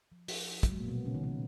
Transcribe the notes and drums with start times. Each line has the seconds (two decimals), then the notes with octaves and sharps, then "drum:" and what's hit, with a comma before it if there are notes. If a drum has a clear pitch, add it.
0.12 F3
0.28 F3, drum: open hi-hat
0.63 F#3, drum: kick, hi-hat
0.71 G#3
0.80 A#2 A#3
0.88 B2 B3
1.06 C#3 C#4
1.14 D#3 D#4
1.23 C#3 C#4